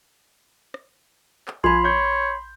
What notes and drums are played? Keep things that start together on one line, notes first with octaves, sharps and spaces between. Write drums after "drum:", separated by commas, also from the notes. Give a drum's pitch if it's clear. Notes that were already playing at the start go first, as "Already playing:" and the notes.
drum: rim click
drum: clap
F3 G#5 B5 C6, drum: kick A#1
C#5 G6